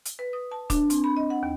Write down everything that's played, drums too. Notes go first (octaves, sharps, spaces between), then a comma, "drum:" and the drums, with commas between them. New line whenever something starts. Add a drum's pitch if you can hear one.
drum: hi-hat
B4
D#6
A5
D4, drum: kick, hi-hat
C4, drum: hi-hat
B5
D#5
F#5
D#2